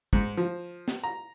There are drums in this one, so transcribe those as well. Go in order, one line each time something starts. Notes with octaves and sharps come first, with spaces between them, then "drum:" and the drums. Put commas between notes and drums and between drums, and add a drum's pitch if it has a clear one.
G#2, drum: kick
F3
drum: snare
A#5